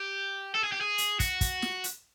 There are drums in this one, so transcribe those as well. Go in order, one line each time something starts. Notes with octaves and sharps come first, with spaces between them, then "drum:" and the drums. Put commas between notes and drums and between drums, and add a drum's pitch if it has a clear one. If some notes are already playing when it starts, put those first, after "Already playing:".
Already playing: G4
A4
G#4
G4
G#4
drum: hi-hat
F#4, drum: kick, hi-hat
drum: kick, hi-hat
drum: snare
drum: hi-hat